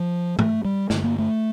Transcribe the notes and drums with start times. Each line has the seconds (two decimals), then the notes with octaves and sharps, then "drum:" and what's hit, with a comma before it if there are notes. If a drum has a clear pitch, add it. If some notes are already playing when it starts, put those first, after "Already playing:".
Already playing: F3
0.39 A3, drum: tom G#2
0.65 G3
0.90 G2 D3 A3, drum: snare
1.04 A#3
1.19 A3